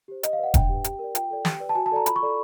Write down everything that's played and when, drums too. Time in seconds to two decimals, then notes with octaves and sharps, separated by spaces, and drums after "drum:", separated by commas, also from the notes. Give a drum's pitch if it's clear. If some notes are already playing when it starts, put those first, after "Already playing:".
0.08 G4 C5
0.23 G4 D#5, drum: hi-hat
0.33 F5
0.39 B4 D5 F#5
0.54 D4 G5, drum: kick E1, hi-hat
0.69 G4 B4
0.84 G4, drum: hi-hat
0.99 A#4 D5
1.15 F4 G5, drum: hi-hat
1.30 A4 D5
1.45 G4, drum: snare
1.60 B4 D5
1.69 A5
1.75 F#4 G#5
1.86 A5
1.92 A4 D5 A#5
2.06 F4 B5, drum: hi-hat
2.16 C#6
2.22 A4 D5